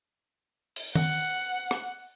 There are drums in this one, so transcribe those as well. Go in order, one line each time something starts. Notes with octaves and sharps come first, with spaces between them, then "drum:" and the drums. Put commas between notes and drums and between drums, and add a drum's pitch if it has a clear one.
drum: open hi-hat
F#5, drum: tom
drum: rim click